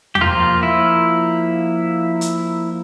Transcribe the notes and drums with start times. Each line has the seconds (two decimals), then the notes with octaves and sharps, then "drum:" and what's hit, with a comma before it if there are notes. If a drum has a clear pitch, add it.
0.15 G4, drum: tom E2
0.21 F3 A#3 F4
0.63 E4
2.21 drum: hi-hat